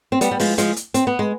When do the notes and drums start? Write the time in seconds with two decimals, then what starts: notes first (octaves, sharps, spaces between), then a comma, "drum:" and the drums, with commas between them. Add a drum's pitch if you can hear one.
0.12 C4
0.21 G3 B3, drum: hi-hat
0.31 G3
0.40 F3 G#3, drum: open hi-hat
0.58 F3 G#3, drum: hi-hat
0.76 drum: hi-hat
0.94 C4, drum: hi-hat
1.07 B3
1.19 G#3